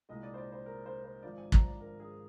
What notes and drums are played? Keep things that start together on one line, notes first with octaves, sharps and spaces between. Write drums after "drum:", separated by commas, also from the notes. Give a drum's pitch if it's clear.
C2 A#2 G#3 D#5
D5
C5
D5
C5
A#4
C5
C5
G#1 G#2 F3 D5
G#5
A#5, drum: kick
D5
A#4
G#4